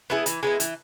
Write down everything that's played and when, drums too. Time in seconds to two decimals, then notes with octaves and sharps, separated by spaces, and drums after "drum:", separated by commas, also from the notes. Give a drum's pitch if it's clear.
0.10 B3 E4 G#4
0.26 E3, drum: hi-hat
0.43 G#3 B3 E4
0.60 E3, drum: hi-hat